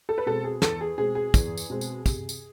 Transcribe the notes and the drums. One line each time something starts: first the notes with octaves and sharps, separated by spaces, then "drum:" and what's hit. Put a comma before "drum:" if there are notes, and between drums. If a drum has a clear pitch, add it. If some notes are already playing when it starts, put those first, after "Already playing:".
A4
B4
B2 G#3 C4 A4
G#4
E2 A4, drum: snare
G#4
B2 G#3 C4 G#4
G#4
E2, drum: kick, tambourine
drum: tambourine
B2 G#3 C4
drum: tambourine
C3, drum: kick, tambourine
drum: tambourine